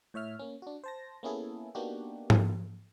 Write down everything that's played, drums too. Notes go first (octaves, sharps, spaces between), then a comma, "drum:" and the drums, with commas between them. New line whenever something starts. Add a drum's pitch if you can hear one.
A2 C#5 E5 F6
A#3 C#4
D4 F#4
C5 A5 A#6
A#3 B3 C#4 E4 G#4 A4
A#3 B3 D4 D#4 F#4 G4
drum: tom G#2